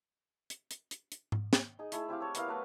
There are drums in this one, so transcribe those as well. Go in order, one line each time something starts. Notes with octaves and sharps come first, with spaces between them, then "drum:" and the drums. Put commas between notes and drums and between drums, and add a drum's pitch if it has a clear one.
drum: hi-hat
drum: hi-hat
drum: hi-hat
drum: hi-hat
drum: tom G#2
drum: snare
D#4 G#4
A3 E4 G#4, drum: hi-hat
C4 E4 G4 F5
A4 C#5
B3 E4 A#4 F5, drum: hi-hat
F#3 A3 F#4 B4